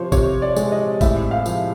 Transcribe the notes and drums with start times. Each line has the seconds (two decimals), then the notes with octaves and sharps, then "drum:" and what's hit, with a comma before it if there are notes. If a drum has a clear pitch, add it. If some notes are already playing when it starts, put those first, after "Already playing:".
Already playing: C3 F3 C5 C#5
0.12 C3 C#5, drum: kick G#1, tambourine
0.42 D5
0.56 G#3, drum: tambourine
0.72 D#5
1.01 A2 E5, drum: kick G#1, tambourine
1.31 F5
1.46 F3, drum: tambourine